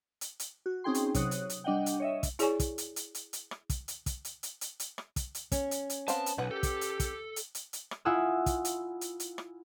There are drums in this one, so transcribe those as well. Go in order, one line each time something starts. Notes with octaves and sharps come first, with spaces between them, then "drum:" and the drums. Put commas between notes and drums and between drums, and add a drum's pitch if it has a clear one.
drum: hi-hat
drum: hi-hat
F#4
C4 C#4 D#4 G#4 G5 C6
drum: hi-hat
C3 F#3 C#5 D#6 F#6, drum: kick, hi-hat
drum: hi-hat
drum: hi-hat
G3 D4 D#5 F#5 G5
drum: hi-hat
C#5 D#5 E5
drum: kick, hi-hat
E4 G#4 C#5 D5 G#5 C#6, drum: hi-hat
drum: kick, hi-hat
drum: hi-hat
drum: hi-hat
drum: hi-hat
drum: hi-hat
drum: rim click
drum: kick, hi-hat
drum: hi-hat
drum: kick, hi-hat
drum: hi-hat
drum: hi-hat
drum: hi-hat
drum: hi-hat
drum: rim click
drum: kick, hi-hat
drum: hi-hat
C#4, drum: kick, hi-hat
drum: hi-hat
drum: hi-hat
B3 C4 F5 A5, drum: hi-hat
drum: hi-hat
B1 B4 F#5
G4 A4
drum: kick, hi-hat
drum: hi-hat
drum: kick, hi-hat
drum: hi-hat
drum: hi-hat
drum: hi-hat
drum: rim click
E4 F4 F#5 G#5 D#6 E6
drum: kick, hi-hat
drum: hi-hat
drum: hi-hat
drum: hi-hat
drum: rim click